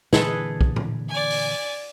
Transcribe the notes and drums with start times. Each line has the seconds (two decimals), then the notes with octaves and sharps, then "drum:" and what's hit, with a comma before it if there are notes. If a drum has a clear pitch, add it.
0.13 A#2 D3 E3 G#4 A4 B4, drum: snare
0.61 drum: kick B1
0.76 drum: tom A2
1.08 D5 G#5
1.30 drum: open hi-hat